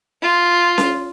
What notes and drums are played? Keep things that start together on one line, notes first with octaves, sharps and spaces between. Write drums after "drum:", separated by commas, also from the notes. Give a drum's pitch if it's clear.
F4
drum: snare C#4